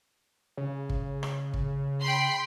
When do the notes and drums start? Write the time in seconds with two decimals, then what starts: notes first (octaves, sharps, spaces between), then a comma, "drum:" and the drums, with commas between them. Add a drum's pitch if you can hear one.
0.57 C#3
0.89 drum: kick
1.23 drum: rim click
1.54 drum: kick
2.02 G5 B5 C6